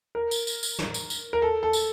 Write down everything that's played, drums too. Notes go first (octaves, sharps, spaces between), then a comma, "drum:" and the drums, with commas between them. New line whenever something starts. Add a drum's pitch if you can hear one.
A#4
drum: tambourine
drum: tambourine
drum: tambourine
drum: snare
drum: tambourine
drum: tambourine
A#4
A4
A4
drum: tambourine